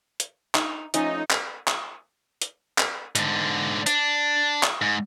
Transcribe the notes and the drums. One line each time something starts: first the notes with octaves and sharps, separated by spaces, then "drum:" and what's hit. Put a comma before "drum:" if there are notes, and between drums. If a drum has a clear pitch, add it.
drum: hi-hat
D#4, drum: clap
F3 A3 C#4 D#4, drum: hi-hat
drum: clap
drum: clap
drum: hi-hat
drum: clap
G#2 D3, drum: hi-hat
D4, drum: hi-hat
drum: clap
G#2